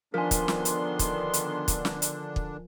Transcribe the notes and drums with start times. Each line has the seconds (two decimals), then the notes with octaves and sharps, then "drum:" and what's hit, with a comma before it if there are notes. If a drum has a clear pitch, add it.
0.14 D3 D#3 F3 B3 D4 A#4 G#5 C6
0.31 drum: kick, hi-hat
0.48 drum: snare
0.65 drum: hi-hat
0.99 drum: kick, hi-hat
1.33 drum: hi-hat
1.68 drum: kick, hi-hat
1.85 drum: snare
2.02 drum: hi-hat
2.36 drum: kick